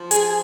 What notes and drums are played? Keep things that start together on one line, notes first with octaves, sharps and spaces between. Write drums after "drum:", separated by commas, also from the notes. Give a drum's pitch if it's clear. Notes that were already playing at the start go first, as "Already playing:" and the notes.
Already playing: F3
G#4, drum: hi-hat